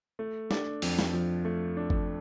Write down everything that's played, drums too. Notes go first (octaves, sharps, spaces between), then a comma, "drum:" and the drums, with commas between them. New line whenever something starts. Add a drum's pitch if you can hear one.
A3
D4, drum: snare
F2, drum: open hi-hat
drum: snare
F3
A3
D4
drum: kick G1